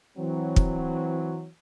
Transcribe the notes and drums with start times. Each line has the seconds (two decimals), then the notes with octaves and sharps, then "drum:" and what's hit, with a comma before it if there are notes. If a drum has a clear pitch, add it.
0.18 E3 F#3 C4
0.56 drum: kick